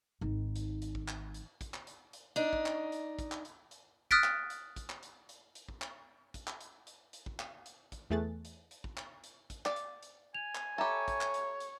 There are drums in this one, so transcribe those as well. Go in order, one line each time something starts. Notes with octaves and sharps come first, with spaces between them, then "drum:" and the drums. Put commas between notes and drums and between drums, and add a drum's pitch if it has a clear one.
G#1 D#3
drum: hi-hat
drum: hi-hat
drum: kick
drum: clap
drum: hi-hat
drum: kick, hi-hat
drum: clap
drum: hi-hat
drum: hi-hat
D4 D#4
drum: kick
drum: clap
drum: hi-hat
drum: kick, hi-hat
drum: clap
drum: hi-hat
drum: hi-hat
D#6 F6 F#6 A6 B6 D7, drum: kick
drum: clap
drum: hi-hat
drum: kick, hi-hat
drum: clap
drum: hi-hat
drum: hi-hat
drum: hi-hat
drum: kick
drum: clap
drum: kick, hi-hat
drum: clap
drum: hi-hat
drum: hi-hat
drum: hi-hat
drum: kick
drum: clap
drum: hi-hat
drum: kick, hi-hat
E2 E3 A3 G#4 F#6 A6
drum: hi-hat
drum: hi-hat
drum: kick
drum: clap
drum: hi-hat
drum: kick, hi-hat
D5, drum: clap
drum: hi-hat
drum: hi-hat
G#5 F7
drum: clap
G4 A4 C#5 E5 A#5 B5
drum: kick, hi-hat
drum: clap
drum: hi-hat
drum: hi-hat